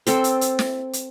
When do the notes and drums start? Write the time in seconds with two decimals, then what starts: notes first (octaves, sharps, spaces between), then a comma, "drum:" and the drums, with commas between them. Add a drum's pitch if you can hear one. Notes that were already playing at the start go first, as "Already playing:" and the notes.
0.07 C4 A4 C5, drum: hi-hat
0.24 drum: hi-hat
0.41 drum: hi-hat
0.59 drum: snare
0.93 drum: hi-hat